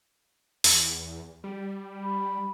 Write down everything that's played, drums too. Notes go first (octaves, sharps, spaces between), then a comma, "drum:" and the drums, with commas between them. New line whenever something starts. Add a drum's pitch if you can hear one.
E2, drum: open hi-hat
G3
B5